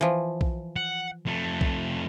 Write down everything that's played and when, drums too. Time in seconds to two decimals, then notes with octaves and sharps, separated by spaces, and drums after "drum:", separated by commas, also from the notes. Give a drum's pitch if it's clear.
0.01 E3 F3
0.41 drum: kick B1
0.76 F#5
1.26 F2 A3
1.61 drum: kick B1